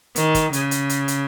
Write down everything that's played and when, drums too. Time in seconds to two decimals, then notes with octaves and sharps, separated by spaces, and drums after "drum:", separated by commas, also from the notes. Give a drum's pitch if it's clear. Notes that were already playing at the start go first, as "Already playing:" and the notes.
0.16 D#3, drum: hi-hat
0.35 drum: kick, hi-hat
0.53 C#3, drum: hi-hat
0.71 drum: hi-hat
0.89 drum: hi-hat
1.08 drum: hi-hat